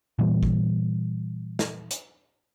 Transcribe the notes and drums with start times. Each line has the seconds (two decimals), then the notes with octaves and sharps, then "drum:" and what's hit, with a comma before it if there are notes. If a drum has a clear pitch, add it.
0.19 A#2 E3 G3
0.43 drum: kick A1
1.59 drum: snare
1.91 drum: hi-hat